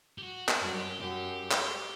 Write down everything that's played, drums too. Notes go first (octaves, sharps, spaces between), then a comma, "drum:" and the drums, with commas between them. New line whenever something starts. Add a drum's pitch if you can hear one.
G4
F#4
F#4, drum: clap
F#2
G4
F#2 G4
drum: clap